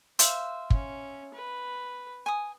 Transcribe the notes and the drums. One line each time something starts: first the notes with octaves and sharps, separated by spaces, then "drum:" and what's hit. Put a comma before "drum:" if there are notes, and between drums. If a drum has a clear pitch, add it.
C5 E5 F5, drum: hi-hat
C#4, drum: kick
B4
G#5 D#6